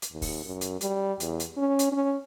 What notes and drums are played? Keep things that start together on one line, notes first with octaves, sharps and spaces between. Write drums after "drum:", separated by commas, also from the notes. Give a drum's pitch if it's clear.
drum: hi-hat
D#2
drum: kick, open hi-hat
F#2
drum: hi-hat
G3, drum: hi-hat
E2, drum: hi-hat
drum: hi-hat
C#4
drum: hi-hat
C#4